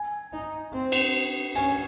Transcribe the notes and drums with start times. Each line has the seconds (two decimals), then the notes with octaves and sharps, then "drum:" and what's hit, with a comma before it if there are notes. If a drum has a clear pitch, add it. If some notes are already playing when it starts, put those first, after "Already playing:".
Already playing: G#5
0.33 D#4
0.73 C4
0.92 drum: cymbal
1.56 C#4 G#5, drum: hi-hat